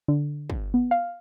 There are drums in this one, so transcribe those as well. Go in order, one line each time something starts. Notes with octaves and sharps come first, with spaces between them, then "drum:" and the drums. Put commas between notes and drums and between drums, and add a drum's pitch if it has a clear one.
D3
drum: kick
B3
F5